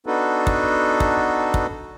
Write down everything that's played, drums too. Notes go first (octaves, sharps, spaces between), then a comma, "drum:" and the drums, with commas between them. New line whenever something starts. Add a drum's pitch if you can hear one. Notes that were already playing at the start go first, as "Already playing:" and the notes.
B3 D4 D#4 F#4 A4 B4
drum: kick
drum: kick
drum: kick